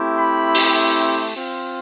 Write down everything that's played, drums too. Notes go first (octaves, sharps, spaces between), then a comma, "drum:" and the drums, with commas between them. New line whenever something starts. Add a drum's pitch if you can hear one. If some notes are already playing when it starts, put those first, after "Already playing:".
Already playing: A3 C4 E4 G4
B5
drum: open hi-hat
C4 F4